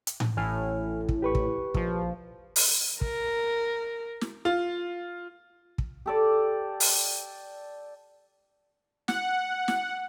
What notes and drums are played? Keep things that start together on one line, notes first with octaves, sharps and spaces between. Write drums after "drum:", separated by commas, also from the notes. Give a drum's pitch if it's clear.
drum: hi-hat
drum: tom A2
A1 A2 G#5 F6
drum: kick
G4 B4 C#6
drum: kick
A#1 F3, drum: kick
drum: open hi-hat
A#4, drum: kick
drum: snare
F4
drum: kick
G4 A4 D5
drum: open hi-hat
F#5, drum: snare
drum: snare